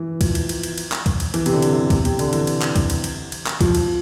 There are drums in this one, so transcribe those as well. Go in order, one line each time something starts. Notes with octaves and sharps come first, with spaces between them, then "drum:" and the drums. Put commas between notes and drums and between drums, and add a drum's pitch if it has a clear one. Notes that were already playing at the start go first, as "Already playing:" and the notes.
Already playing: E3
F3, drum: kick C2, cymbal
drum: cymbal
drum: cymbal
drum: cymbal
drum: cymbal
drum: clap
drum: kick C2, cymbal
drum: cymbal
E3, drum: cymbal
C3, drum: cymbal
D3
drum: cymbal
C3
C3, drum: kick C2, cymbal
C3, drum: cymbal
D3, drum: cymbal
E3, drum: cymbal
drum: cymbal
drum: clap
drum: kick C2, cymbal
drum: cymbal
drum: cymbal
drum: cymbal
drum: clap
F3, drum: kick C2, cymbal
drum: cymbal